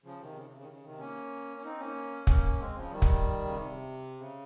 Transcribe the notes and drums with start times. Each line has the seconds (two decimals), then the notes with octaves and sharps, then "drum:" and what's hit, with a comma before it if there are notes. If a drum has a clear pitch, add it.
0.04 C#3 F3
0.20 C3 D#3
0.36 C#3
0.46 C3
0.55 C#3
0.62 D#3
0.69 C#3
0.84 C3 D#3
0.99 A#3 C#4
1.58 C#4
1.64 C4 D#4
1.79 A#3 C#4
2.27 A#3 C#4, drum: kick
2.59 G#3 C4
2.75 C#3 F3
2.91 D#3 G3
3.02 drum: kick
3.46 C#3
3.54 C3
4.18 C#3